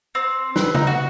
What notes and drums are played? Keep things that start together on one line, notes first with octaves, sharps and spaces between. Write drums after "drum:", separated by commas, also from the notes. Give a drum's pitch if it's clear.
C4
B4, drum: snare
D#4, drum: tom C#3
F#4